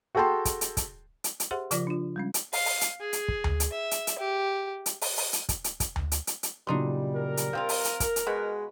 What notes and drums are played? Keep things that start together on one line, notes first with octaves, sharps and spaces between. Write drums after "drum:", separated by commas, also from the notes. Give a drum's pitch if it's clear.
F#4 G#4 A4 G5 A5 C6
drum: kick, hi-hat
drum: hi-hat
drum: kick, hi-hat
drum: hi-hat
drum: hi-hat
G4 G#4 C5 E5 F#5 C6
C#3 F3 F4 D5 D6 A#6, drum: hi-hat
D4 F4
G3 G#3 C#4
drum: hi-hat
F5, drum: open hi-hat
drum: open hi-hat
drum: hi-hat
G#4
drum: hi-hat
drum: kick
drum: tom D2
drum: hi-hat
E5
drum: hi-hat
drum: hi-hat
G4
drum: hi-hat
drum: open hi-hat
drum: open hi-hat
drum: hi-hat
drum: kick, hi-hat
drum: hi-hat
drum: kick, hi-hat
drum: tom D2
drum: hi-hat
drum: hi-hat
drum: hi-hat
A#2 C#3 F#3 G3 D4 D#4 C6
A#4
drum: hi-hat
F3 C4 F4 F5
drum: open hi-hat
drum: hi-hat
drum: kick, hi-hat
drum: hi-hat
B2 G#3 F#4 B4